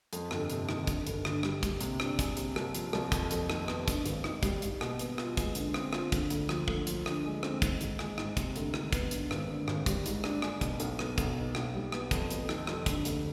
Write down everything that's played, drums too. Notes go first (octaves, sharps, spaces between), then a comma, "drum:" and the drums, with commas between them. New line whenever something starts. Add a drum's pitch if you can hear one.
F2, drum: hi-hat
G1, drum: rim click
C3, drum: hi-hat
D#3, drum: rim click
G2, drum: kick, hi-hat
G1, drum: hi-hat
D3, drum: rim click
G3, drum: rim click
G3, drum: kick, hi-hat
C3, drum: hi-hat
D4, drum: rim click
G#4, drum: kick, hi-hat
C3, drum: hi-hat
C2, drum: rim click
F3, drum: hi-hat
C2, drum: rim click
F2, drum: kick, hi-hat
F1, drum: hi-hat
D#3, drum: rim click
B3, drum: rim click
G2, drum: kick, hi-hat
G#1, drum: hi-hat
D#3, drum: rim click
G3, drum: kick, hi-hat
G3, drum: hi-hat
B2, drum: rim click
B3, drum: hi-hat
F4, drum: rim click
G#3, drum: kick, hi-hat
D3, drum: hi-hat
C4, drum: rim click
F4, drum: rim click
D3, drum: kick, hi-hat
D2, drum: hi-hat
F3, drum: rim click
D2, drum: kick
F3, drum: hi-hat
D3, drum: rim click
G#3
C4, drum: rim click
D#3, drum: kick, hi-hat
G#2, drum: hi-hat
G#3, drum: rim click
G#2, drum: rim click
C3, drum: kick, hi-hat
D2, drum: hi-hat
D#3, drum: rim click
B3, drum: kick, hi-hat
G2, drum: hi-hat
G#1, drum: rim click
D3
G#1, drum: rim click
G3, drum: kick, hi-hat
G#2, drum: hi-hat
D4, drum: rim click
G#4, drum: rim click
B2, drum: kick, hi-hat
B1, drum: hi-hat
B3, drum: rim click
B1, drum: kick, hi-hat
B2
B1, drum: rim click
G3
B3, drum: rim click
F2, drum: kick, hi-hat
F1, drum: hi-hat
D#3, drum: rim click
F1, drum: rim click
D3, drum: kick, hi-hat
D2, drum: hi-hat